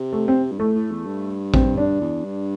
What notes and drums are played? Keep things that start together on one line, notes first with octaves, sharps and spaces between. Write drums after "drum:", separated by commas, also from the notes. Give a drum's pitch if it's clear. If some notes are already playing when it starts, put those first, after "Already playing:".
Already playing: C3
A3
C4
G2
A2 A3
A2
E2
G2
C4, drum: kick A1
D4
E2
G2